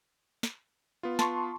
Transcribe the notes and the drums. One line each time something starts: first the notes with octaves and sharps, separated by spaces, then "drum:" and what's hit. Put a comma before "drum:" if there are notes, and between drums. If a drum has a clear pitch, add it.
drum: snare
B3 F4
A5 C6 C#6, drum: snare